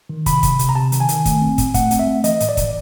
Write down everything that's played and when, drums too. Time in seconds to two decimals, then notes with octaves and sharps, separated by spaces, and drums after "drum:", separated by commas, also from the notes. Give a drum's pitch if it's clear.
0.09 D#3
0.26 C3 B5, drum: kick, hi-hat
0.43 C3, drum: kick, hi-hat
0.59 C3, drum: hi-hat
0.69 A#5
0.75 C3 A5
0.92 D#3, drum: hi-hat
1.00 G#5
1.09 D#3, drum: hi-hat
1.25 A3, drum: kick, hi-hat
1.42 C4
1.58 A2, drum: kick, hi-hat
1.74 A3 F#5, drum: kick, hi-hat
1.91 C4, drum: hi-hat
1.99 E5
2.07 A3
2.24 E3 D#5, drum: hi-hat
2.40 A2, drum: hi-hat
2.49 D5
2.57 E3, drum: kick, hi-hat